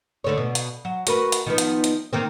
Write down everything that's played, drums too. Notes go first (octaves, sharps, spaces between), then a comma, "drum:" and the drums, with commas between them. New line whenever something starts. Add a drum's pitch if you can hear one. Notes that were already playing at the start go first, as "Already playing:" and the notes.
D2 D3 C#5
B2
drum: hi-hat
F#3
F#4 A#4 B4, drum: hi-hat
drum: hi-hat
D#3 F3 B3
drum: hi-hat
drum: hi-hat
D#3 A#3 C4